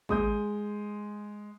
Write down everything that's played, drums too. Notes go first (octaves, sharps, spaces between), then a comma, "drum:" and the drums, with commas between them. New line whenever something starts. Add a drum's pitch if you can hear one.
G#3 D#6 G6, drum: kick